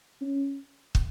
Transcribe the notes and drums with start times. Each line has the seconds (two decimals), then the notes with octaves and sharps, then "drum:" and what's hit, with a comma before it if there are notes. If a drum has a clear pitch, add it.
0.21 C#4
0.95 drum: kick